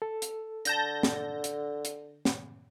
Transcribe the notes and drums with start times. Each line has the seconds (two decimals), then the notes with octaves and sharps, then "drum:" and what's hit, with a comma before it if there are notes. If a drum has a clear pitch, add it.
0.02 A4
0.22 drum: hi-hat
0.65 D3 A5 G6 A#6, drum: hi-hat
1.03 drum: snare
1.44 drum: hi-hat
1.85 drum: hi-hat
2.25 drum: snare